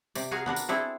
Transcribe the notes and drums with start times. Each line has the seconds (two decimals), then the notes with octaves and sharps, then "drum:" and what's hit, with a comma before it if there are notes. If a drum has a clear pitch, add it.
0.15 C3 D5, drum: tambourine
0.31 F4 F#4 G#4 A#4 F5
0.46 B3 D4 A#4 F#5
0.56 drum: tambourine
0.69 C4 D4 E4 G#4 A4